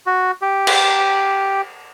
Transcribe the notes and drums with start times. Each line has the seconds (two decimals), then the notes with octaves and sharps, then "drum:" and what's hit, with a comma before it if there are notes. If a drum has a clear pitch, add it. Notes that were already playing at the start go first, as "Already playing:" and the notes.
0.06 F#4
0.42 G4
0.67 drum: cymbal